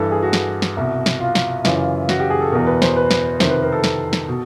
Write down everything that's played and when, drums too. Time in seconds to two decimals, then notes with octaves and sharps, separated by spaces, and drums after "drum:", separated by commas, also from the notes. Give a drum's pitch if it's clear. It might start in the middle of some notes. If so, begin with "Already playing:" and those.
Already playing: G2 E3 A4
0.12 G#4
0.23 F#4
0.33 drum: snare
0.62 drum: snare
0.77 C2 B2
1.06 drum: snare
1.20 F4
1.35 drum: snare
1.65 F#2 C#3 E3 F4, drum: snare
2.09 F#4, drum: snare
2.20 G4
2.30 G#4
2.41 A4
2.52 E2 B2 A#4
2.67 B4
2.82 C5, drum: snare
2.97 B4
3.11 drum: snare
3.40 F2 C3 D#3 C5, drum: snare
3.50 B4
3.62 A#4
3.72 A4
3.84 drum: snare
4.13 drum: snare
4.28 B2